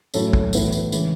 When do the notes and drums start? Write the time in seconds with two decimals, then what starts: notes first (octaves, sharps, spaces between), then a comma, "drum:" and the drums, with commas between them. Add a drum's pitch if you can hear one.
0.14 A2 F#3 C#4 E4 A4, drum: tambourine
0.33 drum: kick
0.53 A2 E3 B3 E4, drum: tambourine
0.72 drum: tambourine
0.92 C#3 E3 G#3, drum: tambourine